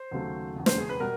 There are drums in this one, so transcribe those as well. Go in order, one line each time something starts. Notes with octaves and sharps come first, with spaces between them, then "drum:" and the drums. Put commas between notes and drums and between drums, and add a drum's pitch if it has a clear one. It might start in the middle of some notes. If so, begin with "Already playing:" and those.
Already playing: C5
D#2 C#3 F#3 A3
E1 E2 C#3
C5, drum: snare
G#4
B4
B2 G3 A#4